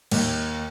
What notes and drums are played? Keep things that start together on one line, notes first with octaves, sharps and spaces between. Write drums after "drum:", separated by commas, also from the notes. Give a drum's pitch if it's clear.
D#2, drum: cymbal